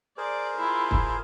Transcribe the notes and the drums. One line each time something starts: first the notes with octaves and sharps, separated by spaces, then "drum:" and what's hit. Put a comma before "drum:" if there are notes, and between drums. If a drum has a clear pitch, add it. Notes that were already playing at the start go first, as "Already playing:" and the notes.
G#4 A#4 C5 D5
E4 F4
drum: kick